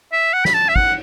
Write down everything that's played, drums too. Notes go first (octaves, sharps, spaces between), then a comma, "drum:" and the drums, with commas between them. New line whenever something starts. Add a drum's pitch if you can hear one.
E5
F#5
B5, drum: snare
A5
E5
F#5, drum: kick, cymbal